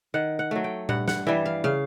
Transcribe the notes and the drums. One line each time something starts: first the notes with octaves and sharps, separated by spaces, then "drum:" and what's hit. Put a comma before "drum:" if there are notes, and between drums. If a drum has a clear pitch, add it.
D#3 F#5
F#5
F#3 A3
G5
G2 F#5, drum: tom A#2
F#5, drum: snare
E3 G3 E5
F5
C#3 F5